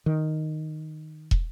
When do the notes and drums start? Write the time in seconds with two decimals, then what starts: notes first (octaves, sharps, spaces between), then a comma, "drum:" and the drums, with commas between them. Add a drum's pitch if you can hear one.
0.06 D#3
1.31 drum: kick